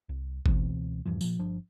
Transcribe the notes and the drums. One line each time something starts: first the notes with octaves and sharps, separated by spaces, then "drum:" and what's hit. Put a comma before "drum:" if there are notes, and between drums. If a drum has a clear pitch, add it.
C2
C#2 B2 E3 C4, drum: kick G1
D#1 G2 E3 F3
A#2 F3, drum: tambourine
G1 F3 D4